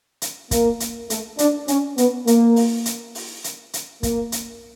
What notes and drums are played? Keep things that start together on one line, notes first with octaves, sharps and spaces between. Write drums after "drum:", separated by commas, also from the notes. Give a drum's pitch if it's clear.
drum: hi-hat
A#3, drum: kick, hi-hat
drum: hi-hat
A3, drum: hi-hat
D4, drum: hi-hat
C#4, drum: hi-hat
B3, drum: hi-hat
A#3, drum: hi-hat
drum: open hi-hat
drum: hi-hat
drum: open hi-hat
drum: hi-hat
drum: hi-hat
A#3, drum: kick, hi-hat
drum: hi-hat